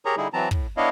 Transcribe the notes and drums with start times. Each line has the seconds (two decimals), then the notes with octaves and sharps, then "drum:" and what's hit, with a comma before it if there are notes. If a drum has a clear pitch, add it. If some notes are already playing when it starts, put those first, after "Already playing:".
0.05 G4 G#4 A#4 C#5 A#5
0.17 D3 G3 D#4 E4 G#4
0.33 E3 F#3 C4 A5 A#5
0.51 A2, drum: kick
0.77 B3 D4 E4 C#5 D#5 F5